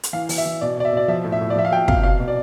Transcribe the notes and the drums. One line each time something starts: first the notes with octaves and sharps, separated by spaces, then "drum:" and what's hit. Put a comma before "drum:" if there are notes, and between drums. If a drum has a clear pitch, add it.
drum: hi-hat
E3 F5
E3, drum: open hi-hat
E5
E3
B2 D5
B2 D5
E5
B2 D5
F3 E5
A2
E5
A2
D5
F3 E5
F5
F3 G5
C3 F5, drum: kick
B2 F5
B2
D5